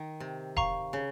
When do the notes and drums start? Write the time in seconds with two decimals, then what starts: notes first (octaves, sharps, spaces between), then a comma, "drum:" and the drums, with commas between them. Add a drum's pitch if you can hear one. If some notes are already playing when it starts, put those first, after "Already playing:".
Already playing: D#3
0.20 C3
0.57 F5 A#5 C#6, drum: kick E1
0.93 C#3